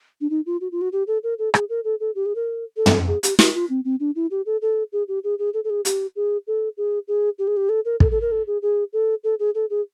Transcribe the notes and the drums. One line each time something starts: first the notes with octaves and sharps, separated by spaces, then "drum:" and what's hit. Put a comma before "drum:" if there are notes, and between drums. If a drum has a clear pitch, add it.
D4
D#4
F4
F#4
F4
F#4
G4
A4
A#4
A4
G#4, drum: rim click
A#4
A4
A4
G4
G#4
A#4
A4
drum: tom
G#4
G4, drum: hi-hat
F#4, drum: snare
F4
C4
C4
D4
E4
G4
A4
A4
G#4
G4
G#4
G#4
A4
A4
G#4
G4, drum: hi-hat
G#4
A4
G#4
G#4
G4
G#4
G4
A4
A#4
A4, drum: kick
A4
A#4
A4
G#4
G#4
A4
A4
G#4
A4
G#4